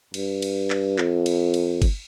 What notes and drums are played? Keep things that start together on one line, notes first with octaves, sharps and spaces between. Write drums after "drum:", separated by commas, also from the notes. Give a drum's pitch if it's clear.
G2, drum: cymbal
drum: cymbal
drum: clap
F2, drum: clap
drum: cymbal
drum: cymbal
drum: kick G1, cymbal